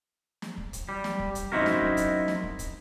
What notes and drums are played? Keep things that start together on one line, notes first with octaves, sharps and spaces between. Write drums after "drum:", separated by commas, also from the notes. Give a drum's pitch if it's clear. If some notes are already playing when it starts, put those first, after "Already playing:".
drum: snare
drum: kick
drum: kick, hi-hat
G3
drum: snare
drum: kick
drum: kick, hi-hat
F#2 C4 D#4 E4 F#4 A#4
drum: snare
drum: kick
drum: kick, hi-hat
drum: snare
drum: kick
drum: kick, hi-hat